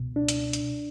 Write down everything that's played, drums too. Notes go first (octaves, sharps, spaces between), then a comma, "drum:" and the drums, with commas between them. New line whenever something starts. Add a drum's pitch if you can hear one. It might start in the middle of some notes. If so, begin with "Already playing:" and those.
Already playing: C#2 B2
D4
drum: hi-hat
drum: hi-hat